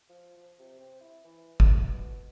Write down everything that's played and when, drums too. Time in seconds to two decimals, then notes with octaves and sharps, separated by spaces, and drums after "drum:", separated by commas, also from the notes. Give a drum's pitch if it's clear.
0.09 F3
0.37 F3
0.59 C3
0.80 C4
1.01 E4
1.24 E3
1.60 A2, drum: kick
1.77 B2